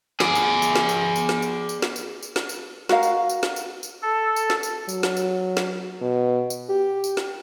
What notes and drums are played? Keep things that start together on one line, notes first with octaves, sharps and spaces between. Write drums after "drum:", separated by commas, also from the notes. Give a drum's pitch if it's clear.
G#4 D5, drum: snare
drum: tambourine
drum: tambourine
drum: snare
drum: tambourine
drum: tambourine
drum: snare
drum: tambourine
drum: tambourine
drum: snare
drum: tambourine
drum: tambourine
drum: snare
drum: tambourine
F#4 A#4 F5, drum: snare
drum: tambourine
drum: tambourine
drum: snare
drum: tambourine
drum: tambourine
A4
drum: tambourine
drum: snare
drum: tambourine
F#3, drum: tambourine
drum: snare
drum: tambourine
drum: snare
B2
drum: tambourine
G4
drum: tambourine
drum: snare